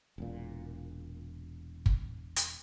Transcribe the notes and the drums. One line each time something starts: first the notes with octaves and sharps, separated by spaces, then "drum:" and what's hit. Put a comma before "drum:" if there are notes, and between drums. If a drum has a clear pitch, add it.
E1 A#2
drum: kick
drum: hi-hat